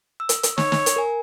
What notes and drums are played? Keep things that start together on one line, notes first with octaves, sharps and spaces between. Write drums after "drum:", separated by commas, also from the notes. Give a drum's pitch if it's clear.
E6
drum: hi-hat
drum: hi-hat
C#5, drum: snare
drum: snare
drum: hi-hat
A#4 G#5